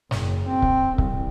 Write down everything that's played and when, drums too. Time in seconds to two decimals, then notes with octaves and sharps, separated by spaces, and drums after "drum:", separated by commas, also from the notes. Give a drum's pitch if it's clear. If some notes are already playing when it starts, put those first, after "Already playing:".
0.11 F#1, drum: snare
0.48 C4
0.62 drum: kick C#1
0.98 C2, drum: kick C#1